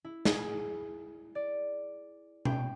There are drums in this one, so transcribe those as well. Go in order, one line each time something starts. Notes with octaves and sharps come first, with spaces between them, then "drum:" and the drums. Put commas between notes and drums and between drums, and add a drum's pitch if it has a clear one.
E4
G#4, drum: snare
D5
G5, drum: tom B2